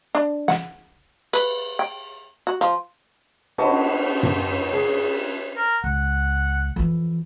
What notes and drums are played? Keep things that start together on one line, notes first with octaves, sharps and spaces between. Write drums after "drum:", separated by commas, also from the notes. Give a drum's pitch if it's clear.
D4
F#5, drum: snare
B4, drum: cymbal
G5
F#4
F3
D#5 F#5 A5 B5 C#6, drum: cymbal
drum: tom F#2
G#4
A#4
C#2 F#5
F2 E3